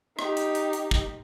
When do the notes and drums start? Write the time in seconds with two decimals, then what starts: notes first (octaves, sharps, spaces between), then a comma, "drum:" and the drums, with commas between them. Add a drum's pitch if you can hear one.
0.19 D#4 G4, drum: rim click
0.37 drum: hi-hat
0.55 drum: hi-hat
0.73 drum: hi-hat
0.91 drum: kick